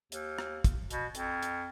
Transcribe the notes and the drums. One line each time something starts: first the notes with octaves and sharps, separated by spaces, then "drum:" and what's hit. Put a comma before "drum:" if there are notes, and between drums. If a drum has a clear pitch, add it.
D#2, drum: hi-hat
drum: rim click
drum: kick, hi-hat
B2, drum: hi-hat
F2, drum: hi-hat
drum: hi-hat